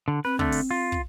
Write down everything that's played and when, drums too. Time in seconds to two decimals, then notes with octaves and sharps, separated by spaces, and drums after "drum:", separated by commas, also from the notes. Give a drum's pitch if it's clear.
0.08 D3
0.25 C4 B4
0.39 D3 A3, drum: kick
0.52 drum: open hi-hat
0.71 F4
0.92 drum: kick